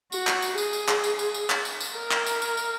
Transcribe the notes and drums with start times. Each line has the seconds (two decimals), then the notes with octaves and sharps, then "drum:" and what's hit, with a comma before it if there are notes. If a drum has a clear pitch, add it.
0.12 F#4, drum: tambourine
0.27 drum: clap
0.42 drum: tambourine
0.58 G#4, drum: tambourine
0.73 drum: tambourine
0.88 drum: clap
1.04 drum: tambourine
1.19 drum: tambourine
1.34 drum: tambourine
1.50 drum: clap
1.65 drum: tambourine
1.80 drum: tambourine
1.96 A#4
2.11 drum: clap
2.26 drum: tambourine
2.42 drum: tambourine
2.57 drum: tambourine